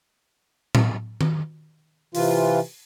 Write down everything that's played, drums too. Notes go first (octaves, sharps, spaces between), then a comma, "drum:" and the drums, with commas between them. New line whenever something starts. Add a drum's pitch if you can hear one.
drum: tom A2
drum: tom D#3
C3 E3 F4, drum: open hi-hat